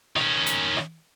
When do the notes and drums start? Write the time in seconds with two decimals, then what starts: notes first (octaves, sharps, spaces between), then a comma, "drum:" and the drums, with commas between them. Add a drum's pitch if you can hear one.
0.16 D#3 C#4, drum: rim click
0.46 drum: hi-hat
0.77 drum: rim click